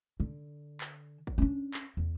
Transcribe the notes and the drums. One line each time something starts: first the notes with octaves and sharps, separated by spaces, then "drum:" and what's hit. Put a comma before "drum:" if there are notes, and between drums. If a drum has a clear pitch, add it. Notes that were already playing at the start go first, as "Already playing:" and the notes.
D3
drum: clap
drum: kick
C#4 D4
drum: clap
E2